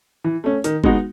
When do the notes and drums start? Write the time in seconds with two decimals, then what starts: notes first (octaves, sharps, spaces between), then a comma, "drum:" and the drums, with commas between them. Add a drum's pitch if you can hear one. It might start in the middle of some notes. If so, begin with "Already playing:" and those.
0.24 E3
0.44 A3 C#4
0.64 D#3, drum: hi-hat
0.84 G#3 B3 D#4 F#4, drum: kick